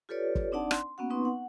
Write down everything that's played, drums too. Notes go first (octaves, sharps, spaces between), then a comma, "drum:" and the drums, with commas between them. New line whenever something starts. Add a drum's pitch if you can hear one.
F4 G4 A4 B4 C#5 D5
drum: kick
C4 D4 D#4 D5 F#5 A5
C6, drum: rim click
A#3 B3 C#4 F#4 F#5
B3 C4 D#4 B4 C6 C#6
F#5